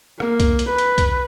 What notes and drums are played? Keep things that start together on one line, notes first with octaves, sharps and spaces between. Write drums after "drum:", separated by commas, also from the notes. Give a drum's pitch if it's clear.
A#3, drum: rim click
drum: kick, hi-hat
drum: hi-hat
B4
drum: hi-hat
drum: kick, hi-hat